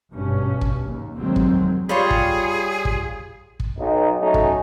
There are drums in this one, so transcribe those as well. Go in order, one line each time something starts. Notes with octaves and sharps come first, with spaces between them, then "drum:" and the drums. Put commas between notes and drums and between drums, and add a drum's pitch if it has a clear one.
G#1 G2 B2 C#4
drum: kick
D#2
F1 D2 D#3 F#3 G#3 C4
drum: kick
G3 F4 G#4 C#5
drum: kick
drum: kick
drum: kick
B1 D#4
F#3 A3 C#4 D#4 F#4
drum: kick